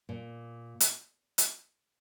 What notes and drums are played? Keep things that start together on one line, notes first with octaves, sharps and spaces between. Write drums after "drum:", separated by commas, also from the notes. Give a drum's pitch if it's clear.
A#2
drum: hi-hat
drum: hi-hat